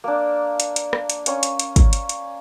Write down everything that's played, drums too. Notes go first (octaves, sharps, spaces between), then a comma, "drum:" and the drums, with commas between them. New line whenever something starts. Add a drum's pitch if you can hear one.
A#3 D4
drum: hi-hat
drum: hi-hat
drum: rim click
drum: hi-hat
A#3 C#4 C#6, drum: hi-hat
drum: hi-hat
drum: hi-hat
drum: kick, hi-hat
drum: hi-hat
drum: hi-hat